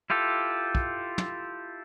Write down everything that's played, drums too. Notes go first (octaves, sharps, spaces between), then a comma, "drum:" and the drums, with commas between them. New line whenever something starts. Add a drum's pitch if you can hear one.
E4 F4 G4 A4
drum: kick
drum: tom